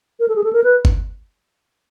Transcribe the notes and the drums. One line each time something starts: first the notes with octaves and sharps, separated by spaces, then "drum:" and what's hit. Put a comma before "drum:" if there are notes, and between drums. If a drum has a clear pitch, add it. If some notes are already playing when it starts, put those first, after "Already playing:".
A#4
A4
G#4
A4
A#4
B4
drum: kick G1